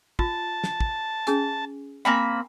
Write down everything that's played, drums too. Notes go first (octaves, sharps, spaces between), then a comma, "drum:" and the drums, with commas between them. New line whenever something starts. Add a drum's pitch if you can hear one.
F4 A5, drum: kick
drum: snare
drum: kick
C#4 G#4 G#5, drum: hi-hat
A#3 C4 G5 G#5 A#5 B5